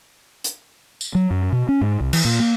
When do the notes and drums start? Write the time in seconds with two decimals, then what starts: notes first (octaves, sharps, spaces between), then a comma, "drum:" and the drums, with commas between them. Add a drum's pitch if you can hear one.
0.44 drum: hi-hat
1.01 drum: tambourine
1.15 F#3
1.31 F#2
1.52 B2
1.69 C#4
1.81 G#2
2.00 C2
2.13 E3, drum: cymbal
2.25 A#2
2.40 A#3